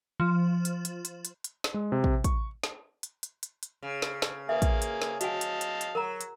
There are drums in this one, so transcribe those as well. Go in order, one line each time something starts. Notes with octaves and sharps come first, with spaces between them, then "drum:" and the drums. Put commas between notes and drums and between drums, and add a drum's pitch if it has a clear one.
F3
drum: hi-hat
drum: hi-hat
drum: hi-hat
drum: hi-hat
drum: hi-hat
drum: snare
G#3
C3
drum: kick
C#6, drum: kick, hi-hat
drum: snare
drum: hi-hat
drum: hi-hat
drum: hi-hat
drum: hi-hat
C#3
drum: snare
drum: snare
A#3 G#4 B4 E5
drum: kick, hi-hat
drum: hi-hat
drum: snare
F#4 D#5 F5 G#5 A5, drum: hi-hat
drum: hi-hat
drum: hi-hat
drum: hi-hat
F#3 A#4 A#5
drum: hi-hat